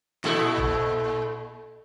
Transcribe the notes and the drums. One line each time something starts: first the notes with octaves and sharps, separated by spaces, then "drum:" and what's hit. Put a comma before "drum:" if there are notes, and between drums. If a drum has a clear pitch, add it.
A#2 E4 A4, drum: snare
drum: kick